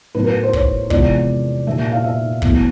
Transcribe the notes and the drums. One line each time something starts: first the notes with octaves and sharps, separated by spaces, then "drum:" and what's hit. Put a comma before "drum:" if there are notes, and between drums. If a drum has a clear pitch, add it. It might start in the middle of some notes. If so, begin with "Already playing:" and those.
A2 F#3 B3 B4
A#4
C5
C#5, drum: kick
E2 C3 F3 G#3 D5, drum: kick
A#2 G3 A#3 E5
F5
E5
E2 B2 F#3 A3, drum: kick